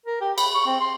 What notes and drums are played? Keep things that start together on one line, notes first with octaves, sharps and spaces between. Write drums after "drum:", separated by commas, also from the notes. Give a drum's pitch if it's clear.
A#4
G4
B5, drum: cymbal
C#6
C4
C6